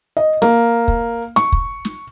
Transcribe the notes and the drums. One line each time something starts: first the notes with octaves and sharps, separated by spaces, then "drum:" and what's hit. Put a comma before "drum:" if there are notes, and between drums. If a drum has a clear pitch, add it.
D#5
A#3, drum: snare
drum: kick
C#6, drum: snare
drum: kick
drum: snare